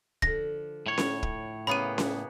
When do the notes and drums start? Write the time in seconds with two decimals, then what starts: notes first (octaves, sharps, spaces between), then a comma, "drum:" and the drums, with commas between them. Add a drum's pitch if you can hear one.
0.22 D3 F3 A#6, drum: kick
0.86 A2 C#5
0.98 drum: snare C#4
1.23 drum: kick
1.67 C#3 A#3 B3 B5 D#7
1.98 drum: snare C#4